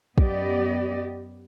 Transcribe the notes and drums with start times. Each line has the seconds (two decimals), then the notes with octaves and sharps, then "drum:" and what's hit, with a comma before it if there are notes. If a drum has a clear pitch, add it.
0.18 F#2 B3 G4 D5 D#5, drum: kick